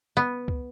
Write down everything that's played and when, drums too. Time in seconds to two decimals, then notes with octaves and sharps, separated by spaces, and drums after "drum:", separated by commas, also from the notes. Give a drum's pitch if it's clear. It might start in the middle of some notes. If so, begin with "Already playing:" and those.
0.17 B3
0.48 drum: kick